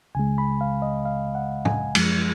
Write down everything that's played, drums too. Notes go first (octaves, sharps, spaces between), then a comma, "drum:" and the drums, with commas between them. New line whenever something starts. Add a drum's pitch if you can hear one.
C#2 C#3 G#3 G#5
B5
F5
D#5
F5
F#5
G#5, drum: tom
F#2 F3 G#3, drum: cymbal